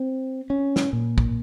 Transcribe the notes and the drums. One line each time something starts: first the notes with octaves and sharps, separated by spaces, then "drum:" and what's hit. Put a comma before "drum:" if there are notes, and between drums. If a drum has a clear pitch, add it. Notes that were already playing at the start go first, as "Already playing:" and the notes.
Already playing: C4
C#4
drum: snare
A#2
drum: kick